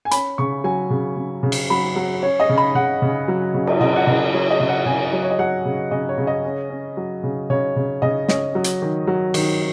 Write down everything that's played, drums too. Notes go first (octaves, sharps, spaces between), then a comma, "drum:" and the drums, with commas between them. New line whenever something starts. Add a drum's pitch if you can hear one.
G#5
C#4 B5, drum: hi-hat
C#3 C#6
F#3 G#5
C#3
C#3
C#3
drum: cymbal
F#3 B5
F#3
C#4 C#5
D#5
C#3
B5
C#3 F#5
C#3
F#3
C#3
drum: cymbal
C#3 D#5
F#5
C#3 D#5
F#3 C#5
D#5
C#3
F#5
C#3 G#5
F#3
C#5
D#5
F#3 F#5
C#3
C#3 D#5
C#5
C#3
D#5
C#4
C#4
F#3
C#3
C#3 C#5
C#3
C#3 D#5
C#4 D#5, drum: snare
F#3
drum: hi-hat
D#3
F#3
D#3, drum: cymbal